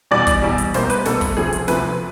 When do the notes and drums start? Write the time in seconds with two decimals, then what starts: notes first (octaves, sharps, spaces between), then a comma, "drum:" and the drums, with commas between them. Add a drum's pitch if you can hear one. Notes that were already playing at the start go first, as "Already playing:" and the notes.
0.11 E2 B2 G3 D5
0.27 drum: kick, hi-hat
0.42 E2 B2 G3
0.58 drum: hi-hat
0.74 C2 B2 G3 A#3 C5, drum: snare
0.90 B4, drum: hi-hat
1.05 C2 B2 G3 A#3 A4, drum: snare
1.21 drum: kick, open hi-hat
1.37 D2 C3 F3 A3 G#4
1.53 drum: hi-hat
1.68 D2 C3 F3 A3 B4, drum: snare